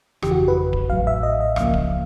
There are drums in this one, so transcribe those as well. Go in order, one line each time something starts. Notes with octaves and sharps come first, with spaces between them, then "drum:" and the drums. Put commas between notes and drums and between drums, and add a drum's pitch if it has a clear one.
G1 F2 C#3 E3 G4, drum: rim click
F#4
B4
drum: kick D1
A1 A2 F#3 F5
E5
D#5
E5
C#2 C#3 F3 A#3 F5, drum: rim click
drum: kick D1